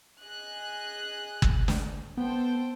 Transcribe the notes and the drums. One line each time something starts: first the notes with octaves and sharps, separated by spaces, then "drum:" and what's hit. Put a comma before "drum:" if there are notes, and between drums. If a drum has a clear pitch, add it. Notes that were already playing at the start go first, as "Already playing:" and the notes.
G#4 D#5 F#6
drum: kick
drum: snare
B3 A4 C5 G5